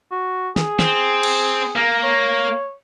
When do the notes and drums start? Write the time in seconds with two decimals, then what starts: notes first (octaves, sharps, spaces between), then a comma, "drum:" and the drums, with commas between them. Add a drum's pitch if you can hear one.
0.11 F#4
0.56 G#4, drum: snare
0.79 C4, drum: snare
1.23 drum: cymbal
1.76 A#3
2.03 C#5